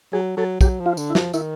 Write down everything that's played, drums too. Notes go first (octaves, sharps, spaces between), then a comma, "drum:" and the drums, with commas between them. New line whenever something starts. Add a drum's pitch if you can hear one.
F#3 G#4
F#3 A4
F#3 G4, drum: kick, tambourine
F3
F4
D3, drum: tambourine
E4
F3, drum: snare
D#3 E4, drum: tambourine